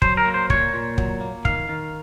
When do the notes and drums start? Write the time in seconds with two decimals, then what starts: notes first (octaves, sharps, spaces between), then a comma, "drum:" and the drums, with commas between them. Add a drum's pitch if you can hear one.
0.02 F#3 C5, drum: kick
0.17 A#4
0.26 A#3
0.34 C5
0.50 A#2 C#5, drum: kick
0.74 A#2
0.98 F#3, drum: kick
1.21 A#3
1.45 D#3 F5, drum: kick
1.69 D#3